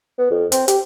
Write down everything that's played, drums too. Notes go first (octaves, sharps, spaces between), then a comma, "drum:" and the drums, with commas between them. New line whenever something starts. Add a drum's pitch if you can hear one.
B3
F2
C4, drum: hi-hat
G4, drum: hi-hat